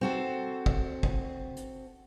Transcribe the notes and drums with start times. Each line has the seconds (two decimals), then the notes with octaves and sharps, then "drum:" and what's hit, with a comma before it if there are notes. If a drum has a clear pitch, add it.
0.01 C4 F#4 A4
0.66 drum: kick
1.03 drum: kick
1.57 drum: hi-hat